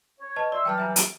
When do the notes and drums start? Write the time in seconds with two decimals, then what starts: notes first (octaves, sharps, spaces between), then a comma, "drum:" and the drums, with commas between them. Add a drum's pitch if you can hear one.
0.21 C#5
0.36 B4 D#5 A5
0.52 D5 E5 C6 E6
0.65 E3 F#3 G3 G5 A5 F6
0.78 E5 G#5 A#5
0.96 D7, drum: hi-hat